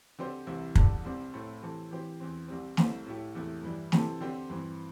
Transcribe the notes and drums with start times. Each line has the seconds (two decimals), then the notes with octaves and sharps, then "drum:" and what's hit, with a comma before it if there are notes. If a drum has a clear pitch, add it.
0.19 D3 C4 G4 C5
0.47 C2 C3 E3 C4 E4
0.75 E2 D3 G3 D4 A4, drum: kick
1.05 C2 C3 G3 C4
1.34 A2 A3 C4 E4
1.62 C3 E3 C4 A4
1.91 E3 C4 G4 C5
2.20 E2 E3 C4
2.48 C2 C3 G3 C4
2.77 C2 C3 A3 E4 C5, drum: snare
3.06 A2 A3 E4 G4
3.35 E2 C3 A3 E4
3.63 G2 E3 G3 E4
3.92 C3 E3 C4 E4 A4, drum: snare
4.20 D3 C4 G4 C5
4.50 G2 E3 C4